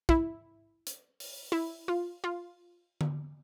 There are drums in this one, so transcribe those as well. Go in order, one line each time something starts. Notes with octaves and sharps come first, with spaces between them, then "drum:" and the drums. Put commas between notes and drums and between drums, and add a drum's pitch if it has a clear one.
E4, drum: kick
drum: hi-hat
drum: open hi-hat
E4
F4
F4
drum: tom D3